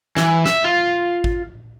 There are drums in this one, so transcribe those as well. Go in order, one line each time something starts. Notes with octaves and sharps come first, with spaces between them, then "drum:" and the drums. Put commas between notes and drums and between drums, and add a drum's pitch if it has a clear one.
E3, drum: snare
E5, drum: snare
F4
drum: kick G#1